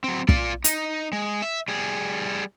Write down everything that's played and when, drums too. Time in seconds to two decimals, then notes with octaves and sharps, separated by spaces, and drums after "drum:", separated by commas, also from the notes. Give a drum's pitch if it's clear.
0.04 F#3 C4
0.29 F4 D5, drum: kick
0.64 D#4, drum: hi-hat
1.13 G#3
1.42 E5
1.68 G3 G#4